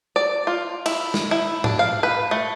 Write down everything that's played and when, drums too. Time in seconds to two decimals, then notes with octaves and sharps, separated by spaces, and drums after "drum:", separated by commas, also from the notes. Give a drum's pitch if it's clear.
0.16 D5
0.47 F4
0.86 E4, drum: cymbal
1.14 drum: snare
1.31 E4
1.64 D4, drum: tom G#2
1.79 F5
2.03 B4
2.31 A3